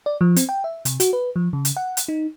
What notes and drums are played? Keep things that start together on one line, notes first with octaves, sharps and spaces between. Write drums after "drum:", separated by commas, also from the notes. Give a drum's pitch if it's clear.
D5
F3
C4, drum: hi-hat
G5
E5
C3, drum: hi-hat
F#4, drum: hi-hat
B4
F3
C#3
drum: hi-hat
F#5
drum: hi-hat
D#4